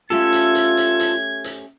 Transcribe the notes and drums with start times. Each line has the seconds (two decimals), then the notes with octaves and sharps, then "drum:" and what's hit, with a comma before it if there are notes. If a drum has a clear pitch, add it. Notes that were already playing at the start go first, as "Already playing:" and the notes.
0.10 A3 C#4 F4 G4 A4 G#6
0.33 drum: hi-hat
0.55 drum: hi-hat
0.77 drum: hi-hat
1.00 drum: hi-hat
1.44 drum: hi-hat